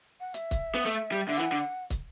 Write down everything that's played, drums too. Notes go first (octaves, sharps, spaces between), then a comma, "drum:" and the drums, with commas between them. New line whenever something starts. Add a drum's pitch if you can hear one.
F#5
E5, drum: hi-hat
drum: kick, hi-hat
B3
A3, drum: hi-hat
G3
D3 E5
E3 F#5, drum: hi-hat
D3
drum: kick, hi-hat